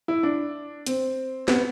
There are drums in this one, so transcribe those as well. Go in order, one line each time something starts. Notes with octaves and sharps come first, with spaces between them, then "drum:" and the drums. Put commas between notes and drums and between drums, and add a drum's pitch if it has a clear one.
E4
D4
C4, drum: hi-hat
B3, drum: snare